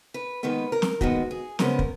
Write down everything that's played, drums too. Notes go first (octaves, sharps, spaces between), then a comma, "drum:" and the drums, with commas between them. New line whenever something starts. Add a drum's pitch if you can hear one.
B4
D#2 D#3 G#3 B3 B4
A#4
drum: snare
D#2 D#3 G#3 B3 F#4, drum: kick
G#4
C#3 F3 G#3 B3 A#4, drum: snare
drum: kick